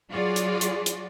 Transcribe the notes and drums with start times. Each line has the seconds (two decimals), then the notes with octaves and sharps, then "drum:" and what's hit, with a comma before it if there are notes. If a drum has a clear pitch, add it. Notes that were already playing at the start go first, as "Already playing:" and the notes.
0.11 F#3 F4 F#4 G#4 D5
0.36 drum: hi-hat
0.61 drum: hi-hat
0.86 drum: hi-hat